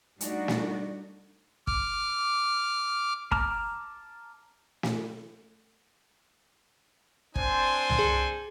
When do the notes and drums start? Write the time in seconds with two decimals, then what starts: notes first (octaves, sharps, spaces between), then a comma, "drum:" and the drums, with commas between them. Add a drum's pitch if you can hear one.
0.21 G3 A3 D4 D#4 F#4 D5, drum: hi-hat
0.48 drum: snare
1.67 D6 F6, drum: kick
3.32 A5 A#5 D6 F6, drum: kick
4.83 drum: snare
7.36 C4 D4 C5 G#5, drum: kick
7.90 drum: tom C2
7.99 G#4